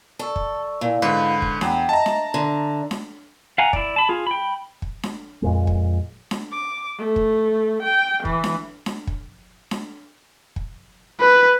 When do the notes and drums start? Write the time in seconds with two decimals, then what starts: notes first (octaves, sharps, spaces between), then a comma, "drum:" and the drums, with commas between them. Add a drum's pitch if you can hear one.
0.19 A4 D5 C#6 E6
0.36 drum: kick
0.81 A#2 E4 F5
1.02 G#2 D3 B4
1.42 drum: kick
1.61 E2 F#5 G5, drum: snare D4
1.89 D#5 E5 A5 A#5
2.06 drum: snare D4
2.34 D3 E5
2.91 drum: snare D4
3.58 F5 F#5 G#5 A#5
3.73 E4 D5, drum: kick
3.96 A5 B5
4.09 F4 G#4
4.27 G5 B5
4.82 drum: kick
5.03 drum: snare D4
5.42 F2 A#2 G#3
5.67 drum: kick
6.31 drum: snare D4
6.51 D6
7.00 A3
7.16 drum: kick
7.84 G5
8.25 E3, drum: kick
8.44 drum: snare D4
8.86 drum: snare D4
9.07 drum: kick
9.71 drum: snare D4
10.56 drum: kick
11.20 B4